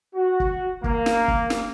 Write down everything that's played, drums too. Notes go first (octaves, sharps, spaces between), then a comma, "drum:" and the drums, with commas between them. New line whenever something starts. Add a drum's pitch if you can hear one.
F#4
drum: kick
A#3, drum: kick
drum: snare
drum: kick
drum: snare